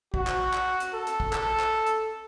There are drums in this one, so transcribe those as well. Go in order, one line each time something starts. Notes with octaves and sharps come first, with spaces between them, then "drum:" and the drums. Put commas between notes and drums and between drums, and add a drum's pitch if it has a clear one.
F#4, drum: kick
drum: clap
drum: clap
drum: hi-hat
A4
drum: hi-hat
drum: kick
A4, drum: clap
drum: clap
drum: hi-hat